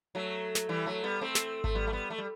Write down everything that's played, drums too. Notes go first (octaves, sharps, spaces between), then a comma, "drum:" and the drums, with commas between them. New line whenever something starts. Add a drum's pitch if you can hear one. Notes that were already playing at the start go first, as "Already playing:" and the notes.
F#3 A3
drum: snare
E3 G3
F#3 A3
G3 B3
A3 C4
drum: snare
A3, drum: kick G#1
G3 B3
A3
G3 B3
A3
G3